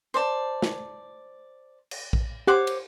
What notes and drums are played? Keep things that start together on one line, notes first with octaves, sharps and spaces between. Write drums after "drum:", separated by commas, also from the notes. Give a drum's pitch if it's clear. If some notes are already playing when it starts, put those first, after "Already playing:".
C5 D5 A5
drum: snare
drum: cymbal
drum: kick A#1
G4 C5 C#5 F#5 D6 F#6
drum: cymbal